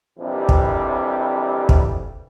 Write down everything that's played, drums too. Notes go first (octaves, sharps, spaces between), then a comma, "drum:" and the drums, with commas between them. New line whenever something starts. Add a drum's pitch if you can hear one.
A#1 F2 C3 E3 G3
drum: kick
drum: kick